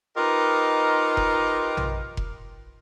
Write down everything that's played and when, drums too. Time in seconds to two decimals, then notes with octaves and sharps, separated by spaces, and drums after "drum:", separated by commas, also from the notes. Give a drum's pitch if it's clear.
0.17 D#4 F4 G4 A#4 B4 D#5
1.17 drum: kick F1
1.77 drum: tom A#1
2.17 drum: kick F1